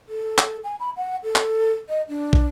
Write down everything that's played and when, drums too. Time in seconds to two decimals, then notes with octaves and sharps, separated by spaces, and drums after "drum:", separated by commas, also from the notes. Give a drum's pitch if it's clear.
0.09 A4
0.38 drum: clap
0.64 G#5
0.80 B5
0.97 F#5
1.24 A4
1.36 drum: clap
1.89 D#5
2.08 D4
2.33 drum: kick